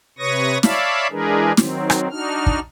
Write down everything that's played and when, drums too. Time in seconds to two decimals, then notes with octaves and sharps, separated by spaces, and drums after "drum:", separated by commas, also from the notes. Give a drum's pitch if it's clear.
0.18 C3 B4 C#5 C#6 D#6 A#6
0.63 C#5 D5 E5 F5 A5 B5, drum: snare
1.11 E3 G#3 D4 G#4 A#4 B4
1.57 D#3 F#3 C4, drum: snare
1.90 drum: rim click
2.11 D4 D#4 F#4 F6
2.46 drum: kick